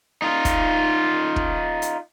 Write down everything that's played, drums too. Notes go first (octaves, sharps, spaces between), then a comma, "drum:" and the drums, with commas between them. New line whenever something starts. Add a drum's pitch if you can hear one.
D#4 F4
drum: kick, hi-hat
drum: kick
drum: hi-hat